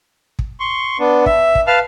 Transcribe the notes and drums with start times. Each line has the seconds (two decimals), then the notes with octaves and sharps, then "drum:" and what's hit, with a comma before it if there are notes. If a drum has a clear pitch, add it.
0.39 drum: kick
0.60 C6 C#6
0.99 B3 D4
1.26 E5, drum: kick
1.55 drum: kick
1.67 B4 F5 A5 F6